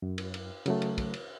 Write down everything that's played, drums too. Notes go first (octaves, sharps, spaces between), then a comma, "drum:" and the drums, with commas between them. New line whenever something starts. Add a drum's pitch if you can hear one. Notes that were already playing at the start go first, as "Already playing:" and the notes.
F#2
drum: cymbal
drum: cymbal
C#3 F#3 A3, drum: cymbal
drum: cymbal
drum: kick, cymbal
drum: cymbal